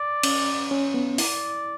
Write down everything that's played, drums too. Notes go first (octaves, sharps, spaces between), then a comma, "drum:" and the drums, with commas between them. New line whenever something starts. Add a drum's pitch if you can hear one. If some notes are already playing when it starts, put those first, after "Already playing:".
Already playing: D5
C#4, drum: cymbal
C#4
B3
E4 D5, drum: open hi-hat